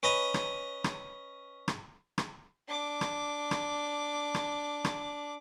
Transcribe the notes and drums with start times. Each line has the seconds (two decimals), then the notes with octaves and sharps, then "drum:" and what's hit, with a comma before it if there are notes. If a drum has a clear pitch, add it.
0.03 C#4 B4 D#5 A#5
0.34 drum: rim click
0.84 drum: rim click
1.68 drum: rim click
2.18 drum: rim click
2.68 D4 D6
3.01 drum: rim click
3.51 drum: rim click
4.34 drum: rim click
4.85 drum: rim click